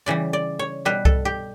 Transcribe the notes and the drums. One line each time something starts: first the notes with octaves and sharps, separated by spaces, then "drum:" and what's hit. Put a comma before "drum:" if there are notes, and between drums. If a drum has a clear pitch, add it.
C#3 E3 G3 D5
D5
C#5
B2 G3 B4
A4, drum: kick C2
G4